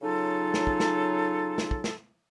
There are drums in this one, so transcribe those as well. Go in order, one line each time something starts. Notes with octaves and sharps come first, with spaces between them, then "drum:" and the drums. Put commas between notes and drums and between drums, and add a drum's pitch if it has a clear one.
C#3 F#3 D#4 F4 A4
drum: snare
drum: kick
drum: snare
drum: snare
drum: kick
drum: snare